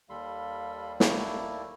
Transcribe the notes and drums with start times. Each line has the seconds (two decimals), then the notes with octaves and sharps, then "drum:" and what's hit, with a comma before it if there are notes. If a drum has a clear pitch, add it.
0.10 D#2 G3 A4 F5 B5 C6
1.00 A3 A#3 E4, drum: snare